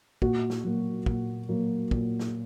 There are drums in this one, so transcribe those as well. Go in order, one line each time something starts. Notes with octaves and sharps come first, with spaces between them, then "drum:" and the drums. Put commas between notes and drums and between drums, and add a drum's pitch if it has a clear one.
A#2 F#4, drum: kick
drum: snare
F#3 A#3
A#2, drum: kick
F#3 A#3
A#2, drum: kick
drum: snare